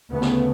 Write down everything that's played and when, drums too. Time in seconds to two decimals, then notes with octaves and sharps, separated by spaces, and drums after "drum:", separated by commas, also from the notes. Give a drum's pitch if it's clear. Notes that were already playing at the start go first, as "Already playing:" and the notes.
0.10 D2 C#3 A3 B3
0.22 drum: snare